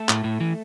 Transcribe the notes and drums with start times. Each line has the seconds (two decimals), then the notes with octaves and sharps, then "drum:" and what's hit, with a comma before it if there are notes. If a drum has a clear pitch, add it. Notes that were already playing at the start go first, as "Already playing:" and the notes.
Already playing: A3 A4
0.09 A2, drum: clap
0.24 A2
0.40 E3